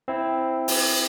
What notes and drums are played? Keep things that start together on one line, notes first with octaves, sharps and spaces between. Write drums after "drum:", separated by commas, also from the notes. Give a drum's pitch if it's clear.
C4 E4
drum: open hi-hat